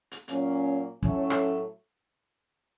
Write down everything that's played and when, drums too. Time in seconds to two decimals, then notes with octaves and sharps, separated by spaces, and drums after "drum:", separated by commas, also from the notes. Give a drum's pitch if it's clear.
0.11 drum: hi-hat
0.28 A#2 F#3 A#3 C#4, drum: hi-hat
1.03 A2 F#3 A3 C#4, drum: kick
1.30 drum: rim click